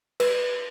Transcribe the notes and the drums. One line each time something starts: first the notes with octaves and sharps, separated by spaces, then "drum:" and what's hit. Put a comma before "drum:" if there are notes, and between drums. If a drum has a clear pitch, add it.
B4, drum: cymbal